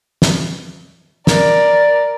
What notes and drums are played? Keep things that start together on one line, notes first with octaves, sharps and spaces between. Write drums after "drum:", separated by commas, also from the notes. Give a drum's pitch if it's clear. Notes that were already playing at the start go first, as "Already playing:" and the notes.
drum: snare
A#4 D5, drum: snare